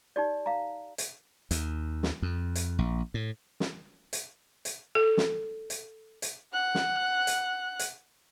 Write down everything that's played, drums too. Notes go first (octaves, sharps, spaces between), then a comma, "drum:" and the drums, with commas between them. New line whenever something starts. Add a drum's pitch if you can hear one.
D#4 G4 D5
F5 A#5
drum: hi-hat
D#2, drum: hi-hat
drum: snare
F2
drum: hi-hat
A#1
A2
drum: snare
drum: hi-hat
drum: hi-hat
A4
drum: snare
drum: hi-hat
drum: hi-hat
F#5 F#6
drum: snare
drum: hi-hat
drum: hi-hat